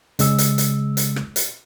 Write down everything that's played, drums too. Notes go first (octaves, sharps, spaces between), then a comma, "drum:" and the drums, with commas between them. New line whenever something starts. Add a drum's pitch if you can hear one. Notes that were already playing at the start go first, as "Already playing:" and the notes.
C#3 G#3 E6, drum: hi-hat
drum: hi-hat
drum: hi-hat
drum: hi-hat
drum: rim click
drum: hi-hat